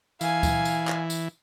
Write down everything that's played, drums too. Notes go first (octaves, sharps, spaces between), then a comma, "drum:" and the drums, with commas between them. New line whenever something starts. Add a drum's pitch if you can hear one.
E3 F5 G#5, drum: tambourine
drum: kick D2, tambourine
drum: tambourine
drum: clap
drum: tambourine